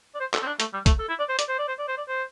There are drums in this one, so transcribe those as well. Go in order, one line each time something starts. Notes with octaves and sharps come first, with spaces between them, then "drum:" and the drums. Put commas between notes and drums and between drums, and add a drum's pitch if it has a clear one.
D5
C5
A4, drum: clap
C4
D4
A3, drum: hi-hat
G3
A3, drum: kick, hi-hat
A4
E4
D5
C5
D5, drum: hi-hat
C5
D5
C5
D5
C5
D5
C5